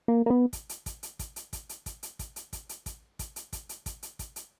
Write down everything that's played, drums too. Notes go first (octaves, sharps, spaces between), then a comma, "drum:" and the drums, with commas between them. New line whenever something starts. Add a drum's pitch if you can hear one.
A#3
A#3
B3
drum: kick, hi-hat
drum: hi-hat
drum: kick, hi-hat
drum: hi-hat
drum: kick, hi-hat
drum: hi-hat
drum: kick, hi-hat
drum: hi-hat
drum: kick, hi-hat
drum: hi-hat
drum: kick, hi-hat
drum: hi-hat
drum: kick, hi-hat
drum: hi-hat
drum: kick, hi-hat
drum: kick, hi-hat
drum: hi-hat
drum: kick, hi-hat
drum: hi-hat
drum: kick, hi-hat
drum: hi-hat
drum: kick, hi-hat
drum: hi-hat